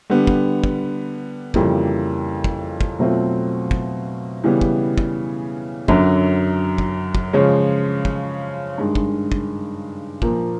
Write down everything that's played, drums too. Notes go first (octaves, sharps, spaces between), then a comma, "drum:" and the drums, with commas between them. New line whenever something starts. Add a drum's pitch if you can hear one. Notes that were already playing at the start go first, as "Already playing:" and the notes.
D3 G3 B3
drum: kick
drum: kick
F2 C#3 E3 G3 A#3, drum: kick
drum: kick
drum: kick
B2 F#3 A3 C4 F4
drum: kick
C#3 E3 G3 B3
drum: kick
drum: kick
F#2 D3 F#3, drum: kick
drum: kick
drum: kick
C#3 F3 G#3 C#4 F4
drum: kick
G2 D#3 G#3
drum: kick
drum: kick
A#2 F3 A#3, drum: kick